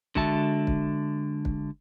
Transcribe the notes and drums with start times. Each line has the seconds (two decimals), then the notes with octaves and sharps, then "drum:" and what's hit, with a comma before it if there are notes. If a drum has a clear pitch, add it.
0.15 D3 G#3 F#4 E5 A5, drum: kick
0.67 drum: kick
1.45 drum: kick